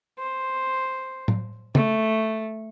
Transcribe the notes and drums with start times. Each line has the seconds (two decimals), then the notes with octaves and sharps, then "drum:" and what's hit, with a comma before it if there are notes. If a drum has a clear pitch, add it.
0.19 C5
1.28 drum: tom
1.75 A3, drum: tom